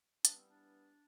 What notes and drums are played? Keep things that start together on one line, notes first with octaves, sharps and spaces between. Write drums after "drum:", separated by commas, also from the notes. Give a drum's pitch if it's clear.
G2 E3 G3 B3 D4, drum: hi-hat
C4
D4